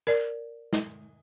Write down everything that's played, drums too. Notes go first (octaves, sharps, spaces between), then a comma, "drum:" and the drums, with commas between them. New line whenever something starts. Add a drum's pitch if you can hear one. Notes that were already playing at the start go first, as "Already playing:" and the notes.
A#4 D5
drum: snare